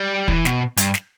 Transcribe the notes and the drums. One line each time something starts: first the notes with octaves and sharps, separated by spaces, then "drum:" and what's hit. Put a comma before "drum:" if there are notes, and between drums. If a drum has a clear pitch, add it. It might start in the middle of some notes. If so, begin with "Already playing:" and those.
Already playing: G3
E3, drum: kick
B2, drum: snare
G2, drum: hi-hat
drum: snare